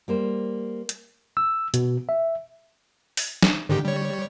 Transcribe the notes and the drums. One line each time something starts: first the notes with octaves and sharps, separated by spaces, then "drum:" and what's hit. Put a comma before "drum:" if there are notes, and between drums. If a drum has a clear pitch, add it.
G3 A#3 C5
drum: hi-hat
E6
B2, drum: hi-hat
E5
drum: open hi-hat
drum: snare
G#2 D3 D#3 G4
G3 C#5